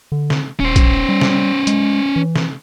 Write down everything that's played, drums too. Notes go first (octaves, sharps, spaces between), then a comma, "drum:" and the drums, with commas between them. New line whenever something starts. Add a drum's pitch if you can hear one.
D3
drum: snare
D#1 C#4 C5
drum: kick A#1, hi-hat
G3
drum: snare
G#3, drum: hi-hat
E3
drum: snare